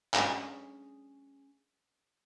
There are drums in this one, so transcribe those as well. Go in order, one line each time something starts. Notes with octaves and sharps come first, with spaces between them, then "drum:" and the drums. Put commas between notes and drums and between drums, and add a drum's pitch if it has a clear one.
C#4 G#4, drum: clap